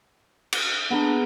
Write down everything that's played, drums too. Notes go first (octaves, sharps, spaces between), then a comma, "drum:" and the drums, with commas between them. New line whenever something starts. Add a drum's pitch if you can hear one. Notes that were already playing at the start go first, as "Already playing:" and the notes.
drum: cymbal
B3 D4 G#4 A#5